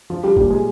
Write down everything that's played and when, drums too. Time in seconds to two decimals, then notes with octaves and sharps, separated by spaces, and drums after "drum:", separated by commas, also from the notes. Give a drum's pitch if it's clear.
0.10 F3 F4
0.24 G3 G4
0.36 A#2 G3 G4, drum: kick
0.50 G#3 G#4